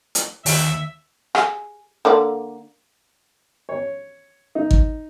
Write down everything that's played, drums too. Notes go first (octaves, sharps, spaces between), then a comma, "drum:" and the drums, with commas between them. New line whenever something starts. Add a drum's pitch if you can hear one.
drum: hi-hat
D#2 E5, drum: open hi-hat
G#4, drum: rim click
D3 A#3 D5
C#5
D#4
drum: kick